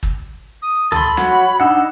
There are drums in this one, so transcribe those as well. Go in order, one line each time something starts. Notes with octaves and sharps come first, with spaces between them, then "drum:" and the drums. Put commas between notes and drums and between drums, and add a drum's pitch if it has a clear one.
drum: kick
D#6
A4 A5 B5 C6, drum: tom C#2
F#4 C#5, drum: snare
D4 D#4 F#5 E6